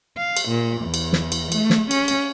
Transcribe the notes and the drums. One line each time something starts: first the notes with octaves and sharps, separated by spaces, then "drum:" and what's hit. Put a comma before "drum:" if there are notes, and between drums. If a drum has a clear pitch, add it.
F5
drum: cymbal
A#2
E2
drum: cymbal
drum: snare
drum: cymbal
A3, drum: cymbal
drum: snare
C#4, drum: cymbal
drum: cymbal